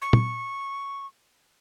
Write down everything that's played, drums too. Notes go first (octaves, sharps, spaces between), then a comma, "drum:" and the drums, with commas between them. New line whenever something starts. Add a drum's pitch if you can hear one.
C#6
drum: tom